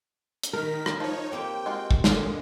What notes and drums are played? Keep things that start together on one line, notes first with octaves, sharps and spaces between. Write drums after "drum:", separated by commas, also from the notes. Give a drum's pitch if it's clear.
drum: hi-hat
D#3 A#4 B6
drum: rim click
F3 D#4 C#5
A#3 C4 G4 G5
G#3 F4 F#4
drum: kick
A#2 D3 G#3 F4, drum: snare